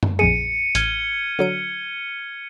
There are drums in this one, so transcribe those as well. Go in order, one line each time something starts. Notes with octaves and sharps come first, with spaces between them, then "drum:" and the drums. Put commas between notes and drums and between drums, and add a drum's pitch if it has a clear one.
drum: tom F#2
A#1 F2 G#4 C#7 D#7
A1 F6 G#6 G7, drum: hi-hat
D3 F#3 D7